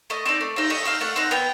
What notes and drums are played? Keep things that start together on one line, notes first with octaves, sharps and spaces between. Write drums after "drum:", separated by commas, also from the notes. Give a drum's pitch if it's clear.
A3 D#5
C4 D#4 D5
A3
C4 D#4, drum: cymbal
A3 D#5
C4 D#4 F5
A3 F#5
C4 D#4
B3 G5